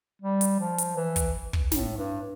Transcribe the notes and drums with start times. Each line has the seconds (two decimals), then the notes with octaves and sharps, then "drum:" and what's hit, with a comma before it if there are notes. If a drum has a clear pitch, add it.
0.22 G3
0.41 drum: hi-hat
0.60 F3
0.78 drum: hi-hat
0.96 E3
1.16 drum: kick, hi-hat
1.53 drum: kick
1.72 A2, drum: snare
1.98 G2